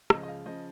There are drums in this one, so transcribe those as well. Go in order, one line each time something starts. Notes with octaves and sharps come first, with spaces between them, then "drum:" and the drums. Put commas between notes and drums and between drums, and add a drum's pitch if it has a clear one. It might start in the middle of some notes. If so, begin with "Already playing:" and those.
C#2 C#3 F3 D#5, drum: rim click
D#5
F5
C#3 F3 D#5